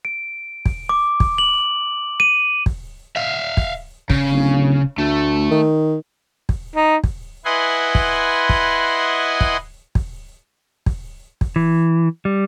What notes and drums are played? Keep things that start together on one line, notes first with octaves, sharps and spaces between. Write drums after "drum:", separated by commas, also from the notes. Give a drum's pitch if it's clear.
D7
drum: kick
D6
drum: kick
F#7
D#7
drum: kick
E5 F5
drum: kick
C#3, drum: kick
D1
D2 A3
D#3
drum: kick
D#4
drum: kick
E4 B4 D#5 F#5 G#5 C6
drum: kick
drum: kick
drum: kick
drum: kick
drum: kick
drum: kick
E3
G3